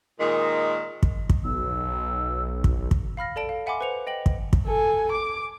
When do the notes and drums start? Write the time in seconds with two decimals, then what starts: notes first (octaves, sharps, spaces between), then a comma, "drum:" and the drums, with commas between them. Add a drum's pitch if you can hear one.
0.20 A#2 D#3 G#3
1.03 drum: kick
1.30 drum: kick
1.45 B1 E6
2.64 drum: kick
2.91 drum: kick
3.17 F5 B5 F6 A#6
3.36 A4 D5 A5 D7
3.49 F5
3.66 E5 F#5 G#5 B5 C6 D6
3.81 B4 C5 C#7 F7
4.07 D#5 G5 F#7
4.26 drum: kick
4.53 drum: kick
4.66 A4 G#5
5.12 D6